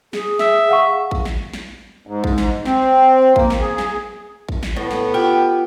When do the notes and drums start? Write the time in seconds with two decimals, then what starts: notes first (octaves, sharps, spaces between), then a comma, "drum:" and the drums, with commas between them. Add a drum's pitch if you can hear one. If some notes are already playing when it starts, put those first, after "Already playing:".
0.13 G#4, drum: snare
0.39 E5, drum: snare
0.69 F5 F#5 C#6
1.11 drum: kick A1
1.25 drum: snare
1.53 drum: snare
2.07 G#2
2.24 drum: kick A1
2.38 drum: snare
2.65 C4, drum: snare
3.36 A#3, drum: kick A1
3.50 drum: snare
3.60 G#4
3.78 drum: snare
4.49 drum: kick A1
4.63 drum: snare
4.76 A2 B3
4.91 drum: snare
5.14 F4 G4